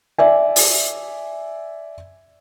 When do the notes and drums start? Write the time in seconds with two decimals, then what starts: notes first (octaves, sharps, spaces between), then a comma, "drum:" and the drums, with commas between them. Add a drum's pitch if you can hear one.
0.18 D5 E5 G#5
0.56 drum: open hi-hat